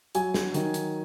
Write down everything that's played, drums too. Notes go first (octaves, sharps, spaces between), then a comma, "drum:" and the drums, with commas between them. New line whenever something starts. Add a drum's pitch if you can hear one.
F#3 G#5, drum: hi-hat
drum: snare
D#3, drum: hi-hat
drum: hi-hat